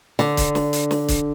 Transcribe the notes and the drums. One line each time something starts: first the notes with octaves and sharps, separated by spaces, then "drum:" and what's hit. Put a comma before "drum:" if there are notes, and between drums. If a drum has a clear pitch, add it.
D3, drum: snare
drum: kick C#1, hi-hat
drum: snare
drum: hi-hat
drum: snare
drum: kick C#1, hi-hat